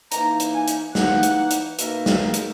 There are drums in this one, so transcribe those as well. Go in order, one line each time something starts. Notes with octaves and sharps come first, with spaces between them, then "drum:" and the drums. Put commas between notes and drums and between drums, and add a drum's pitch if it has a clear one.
E3 A#3 D#4 A#5, drum: hi-hat
drum: hi-hat
G#5
drum: hi-hat
E3 A#3 D#4 F#5, drum: snare
drum: hi-hat
drum: hi-hat
B2 A#3 D#4 A#4 E5, drum: hi-hat
drum: snare
drum: hi-hat